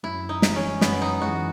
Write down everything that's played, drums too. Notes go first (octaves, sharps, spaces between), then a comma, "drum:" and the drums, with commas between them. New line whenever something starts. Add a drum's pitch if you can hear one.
F#2 E4
D#4
E3 G#3, drum: snare
C#4
F#2 B3, drum: snare
D#4
E3 G#3 F#4